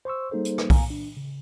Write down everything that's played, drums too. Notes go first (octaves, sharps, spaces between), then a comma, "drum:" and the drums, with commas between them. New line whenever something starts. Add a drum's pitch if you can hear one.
C5 C6 C#6 E6
G3 A#3 D#4 G#4 A4 C5
drum: hi-hat
drum: rim click
F5 G#5 A#5, drum: kick B1, open hi-hat
D4
C#3